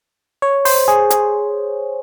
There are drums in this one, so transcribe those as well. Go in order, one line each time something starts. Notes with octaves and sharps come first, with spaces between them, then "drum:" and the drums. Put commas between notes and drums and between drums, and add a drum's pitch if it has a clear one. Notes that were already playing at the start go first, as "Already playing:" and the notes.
C#5
C5, drum: open hi-hat
G#4
G#4, drum: hi-hat